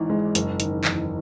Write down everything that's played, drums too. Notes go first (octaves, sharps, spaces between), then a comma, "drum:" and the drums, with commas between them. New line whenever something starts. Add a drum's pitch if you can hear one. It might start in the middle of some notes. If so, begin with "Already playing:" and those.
Already playing: G#1 G#2 E3
G#3
F#1, drum: hi-hat
D#3, drum: hi-hat
E2, drum: clap